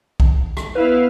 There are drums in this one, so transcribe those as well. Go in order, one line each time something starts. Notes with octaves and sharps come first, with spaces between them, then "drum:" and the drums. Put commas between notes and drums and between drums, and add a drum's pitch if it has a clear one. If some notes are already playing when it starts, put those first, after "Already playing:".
drum: kick B1
drum: rim click
B3 E4 B4 F5